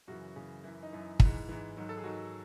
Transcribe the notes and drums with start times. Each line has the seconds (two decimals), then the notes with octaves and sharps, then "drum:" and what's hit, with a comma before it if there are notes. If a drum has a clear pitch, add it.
0.08 F#2 C#3 E3 F#4
0.35 F#2 C#3 E3
0.64 F#2 E3 E4
0.83 D#4
0.92 F#2 E3 E4
1.20 E3, drum: kick
1.25 G#2
1.49 G#2 E3
1.77 G#2 D#3 F#3
1.89 A4
1.97 G#4
2.04 G#2 D#3 F#3 F#4